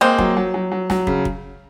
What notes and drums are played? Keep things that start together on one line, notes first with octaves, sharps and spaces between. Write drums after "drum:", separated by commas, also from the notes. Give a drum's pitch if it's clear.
G#3 A#3 C4
F#3, drum: kick
F#3
F#3
F#3
F#3, drum: snare
C#3, drum: kick
drum: kick